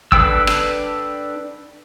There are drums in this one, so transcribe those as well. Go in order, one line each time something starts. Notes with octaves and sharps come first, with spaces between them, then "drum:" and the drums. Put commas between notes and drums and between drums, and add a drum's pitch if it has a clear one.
D4 A4 B4 G5 E6, drum: kick
drum: rim click